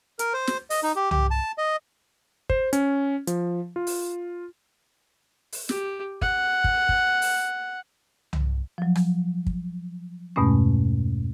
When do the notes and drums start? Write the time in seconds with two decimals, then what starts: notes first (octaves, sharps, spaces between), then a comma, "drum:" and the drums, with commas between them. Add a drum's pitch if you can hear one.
0.19 A#4, drum: hi-hat
0.34 C5
0.47 drum: snare
0.70 D#5, drum: open hi-hat
0.83 D#4
0.96 G4
1.11 G4, drum: tom C2
1.31 A5
1.58 D#5
2.50 C5, drum: kick
2.73 C#4, drum: hi-hat
3.27 F3, drum: hi-hat
3.76 F4
3.87 drum: open hi-hat
5.52 drum: open hi-hat
5.69 G4, drum: snare
6.22 F#5, drum: kick
6.64 drum: kick
6.89 drum: kick
7.22 drum: open hi-hat
8.33 drum: tom C2
8.78 F3 F#3
8.95 drum: rim click
9.46 drum: kick
10.36 E2 G2 B2 G#3 A3 C#4